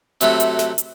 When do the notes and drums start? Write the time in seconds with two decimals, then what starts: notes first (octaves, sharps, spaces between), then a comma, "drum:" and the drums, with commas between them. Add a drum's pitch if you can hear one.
0.21 C3 F#3 A3 F#4 B5, drum: hi-hat
0.40 drum: hi-hat
0.59 drum: snare
0.78 drum: hi-hat